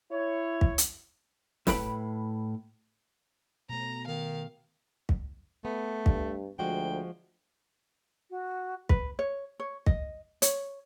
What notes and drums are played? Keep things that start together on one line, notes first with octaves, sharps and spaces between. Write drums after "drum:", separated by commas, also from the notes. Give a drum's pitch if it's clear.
E4 C#5
drum: kick
drum: hi-hat
A2 E4 B4 G5 B5, drum: snare
B2 A3 A#5
D#3 F5
drum: kick
A3 B3
G2, drum: kick
D2 F3 G#3 F#4 G5
F#4
B4, drum: kick
C#5
C#5
D#5, drum: kick
C#5, drum: hi-hat